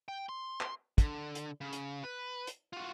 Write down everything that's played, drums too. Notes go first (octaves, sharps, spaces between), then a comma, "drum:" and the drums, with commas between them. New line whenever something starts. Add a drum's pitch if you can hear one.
G5
C6
drum: clap
D3, drum: kick, hi-hat
drum: hi-hat
C#3
drum: hi-hat
B4
drum: hi-hat
F4 F#4